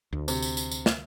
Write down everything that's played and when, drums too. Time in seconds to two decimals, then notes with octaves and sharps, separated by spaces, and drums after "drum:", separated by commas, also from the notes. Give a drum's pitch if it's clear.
0.13 D2
0.28 C3, drum: tambourine
0.42 drum: tambourine
0.57 drum: tambourine
0.71 drum: tambourine
0.86 drum: snare